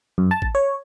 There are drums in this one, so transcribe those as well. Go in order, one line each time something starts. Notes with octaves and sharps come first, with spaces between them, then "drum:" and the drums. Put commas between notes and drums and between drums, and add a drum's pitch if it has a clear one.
F#2
A5
drum: kick G#1
C#5